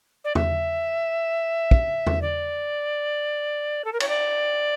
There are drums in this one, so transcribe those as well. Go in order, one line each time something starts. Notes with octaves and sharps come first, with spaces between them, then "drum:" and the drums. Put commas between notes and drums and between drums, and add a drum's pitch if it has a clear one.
D5
E5, drum: tom E2
drum: kick
drum: tom E2
D5
A4
A#4
C#5, drum: cymbal
D5